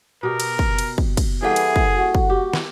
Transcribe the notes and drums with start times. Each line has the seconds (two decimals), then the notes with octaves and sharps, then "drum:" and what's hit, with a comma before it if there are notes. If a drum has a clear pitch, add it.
0.23 B2 G4 A#4
0.40 drum: cymbal
0.59 drum: kick
0.78 drum: cymbal
0.98 drum: kick
1.17 drum: kick, cymbal
1.42 E3 G3 A#3 E4 G#4 A4 F#5 G5
1.56 drum: cymbal
1.76 drum: kick
1.95 F#4
2.15 drum: kick
2.30 G4
2.53 drum: snare